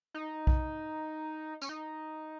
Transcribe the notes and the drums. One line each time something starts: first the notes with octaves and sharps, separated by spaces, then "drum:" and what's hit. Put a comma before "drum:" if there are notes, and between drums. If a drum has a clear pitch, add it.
D#4
drum: kick B1
C#4, drum: tambourine
D#4